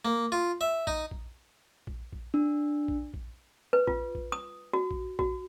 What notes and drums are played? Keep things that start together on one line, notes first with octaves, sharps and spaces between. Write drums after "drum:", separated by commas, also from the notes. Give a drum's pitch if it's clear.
A#3
F4
E5
D#4, drum: kick A#1
drum: kick A#1
drum: kick A#1
drum: kick A#1
D4
drum: kick A#1
drum: kick A#1
B4
F4, drum: kick A#1
drum: kick A#1
D#6
F#4
drum: kick A#1
F#4, drum: kick A#1